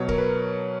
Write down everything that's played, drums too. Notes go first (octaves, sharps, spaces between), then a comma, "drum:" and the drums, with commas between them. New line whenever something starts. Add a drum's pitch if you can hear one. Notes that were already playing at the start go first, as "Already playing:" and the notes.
Already playing: B2 F#3 C#5
A#4, drum: kick C#1
B4